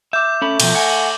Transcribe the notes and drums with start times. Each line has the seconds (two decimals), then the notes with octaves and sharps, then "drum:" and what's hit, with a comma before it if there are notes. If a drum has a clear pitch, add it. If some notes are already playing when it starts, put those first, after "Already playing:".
0.13 E5 D6 G6
0.42 A3 C#4 B5
0.60 B2 F3, drum: cymbal
0.75 F#5 G#5 G6
0.89 F#7